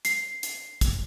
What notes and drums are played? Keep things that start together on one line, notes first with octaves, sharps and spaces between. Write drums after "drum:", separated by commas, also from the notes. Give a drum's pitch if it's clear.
C7, drum: hi-hat
drum: hi-hat
drum: kick, hi-hat